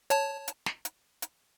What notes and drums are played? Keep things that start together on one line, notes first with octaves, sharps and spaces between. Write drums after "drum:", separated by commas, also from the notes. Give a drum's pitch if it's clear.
C#5 A5, drum: hi-hat
drum: hi-hat
drum: snare
drum: hi-hat
drum: hi-hat